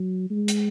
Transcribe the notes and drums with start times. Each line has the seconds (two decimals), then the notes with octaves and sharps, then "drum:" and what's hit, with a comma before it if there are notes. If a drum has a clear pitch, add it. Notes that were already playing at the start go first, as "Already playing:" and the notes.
Already playing: F#3
0.30 G#3
0.48 drum: hi-hat